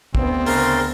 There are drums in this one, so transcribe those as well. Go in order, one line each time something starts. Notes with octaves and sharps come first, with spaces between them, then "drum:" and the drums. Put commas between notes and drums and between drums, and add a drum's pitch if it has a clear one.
D2 B3 C4, drum: kick
C#3 A#4 C6 A6, drum: open hi-hat